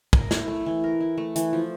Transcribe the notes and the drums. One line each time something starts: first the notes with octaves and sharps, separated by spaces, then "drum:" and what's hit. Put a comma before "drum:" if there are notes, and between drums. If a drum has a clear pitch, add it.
A#4, drum: kick
E4, drum: snare
A3
E3
A#4
E4
A3
E3, drum: hi-hat
F3